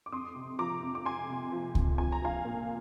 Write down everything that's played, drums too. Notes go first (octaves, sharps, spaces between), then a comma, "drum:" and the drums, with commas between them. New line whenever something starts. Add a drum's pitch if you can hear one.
D6
F2 C6 D#6
C3
F3 A#5 D6
F2
D6
F2 G#5 C6
C3
F3
F2, drum: kick C#2
F3 G#5
A#5
F3 F5 G#5
A#2